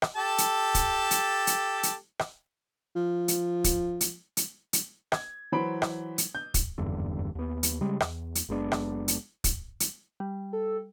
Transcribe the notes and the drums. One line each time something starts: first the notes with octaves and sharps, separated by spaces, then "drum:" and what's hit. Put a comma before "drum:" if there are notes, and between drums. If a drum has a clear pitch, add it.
drum: rim click
G4 A4 A5
drum: hi-hat
drum: kick, hi-hat
drum: hi-hat
drum: hi-hat
drum: hi-hat
drum: rim click
F3
drum: hi-hat
drum: kick, hi-hat
drum: hi-hat
drum: hi-hat
drum: hi-hat
G#6, drum: rim click
E3 F#3 C5 B5 D7
drum: rim click
drum: hi-hat
G6
drum: kick, hi-hat
F#1 E2 G2 D3
D#2 B3
drum: hi-hat
C#3 G3 G#3
E2, drum: rim click
drum: hi-hat
F#1 G#3 B3 D4
drum: rim click
drum: hi-hat
drum: kick, hi-hat
drum: hi-hat
G3
A4